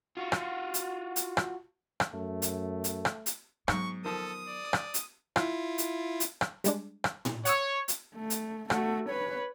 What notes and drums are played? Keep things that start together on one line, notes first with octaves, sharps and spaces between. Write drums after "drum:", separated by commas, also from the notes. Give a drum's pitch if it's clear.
F4 F#4
drum: rim click
drum: hi-hat
drum: hi-hat
drum: rim click
drum: rim click
F#2 A3
drum: hi-hat
drum: hi-hat
drum: rim click
drum: hi-hat
G#2 F#3 B3 C#6, drum: rim click
D#3 F3 A4 D#6
D5
drum: rim click
drum: hi-hat
E4 F4, drum: rim click
drum: hi-hat
drum: hi-hat
drum: rim click
G3 G#3 D4, drum: hi-hat
drum: rim click
drum: tom A2
C#5 F#5 D#6 E6, drum: hi-hat
drum: hi-hat
A3
drum: hi-hat
A3 F#4, drum: rim click
B4 C#5